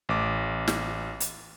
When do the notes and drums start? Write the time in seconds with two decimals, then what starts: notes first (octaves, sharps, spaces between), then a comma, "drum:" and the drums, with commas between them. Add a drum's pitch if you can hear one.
0.09 A1 D6
0.68 drum: snare
1.20 drum: hi-hat